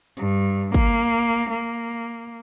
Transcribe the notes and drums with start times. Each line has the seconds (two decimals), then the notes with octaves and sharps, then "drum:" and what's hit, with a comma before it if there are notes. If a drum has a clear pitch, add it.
0.17 G2, drum: hi-hat
0.74 A#3, drum: kick
1.50 A#3